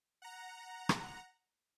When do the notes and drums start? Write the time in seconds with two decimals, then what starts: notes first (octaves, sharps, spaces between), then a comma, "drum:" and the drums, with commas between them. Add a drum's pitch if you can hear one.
0.22 F#5 A#5
0.89 drum: rim click